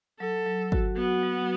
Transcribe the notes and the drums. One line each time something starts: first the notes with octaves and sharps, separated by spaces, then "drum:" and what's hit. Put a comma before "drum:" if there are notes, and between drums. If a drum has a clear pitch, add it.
F#3 A4
F#3
F#4, drum: kick
B3 F#4
F#3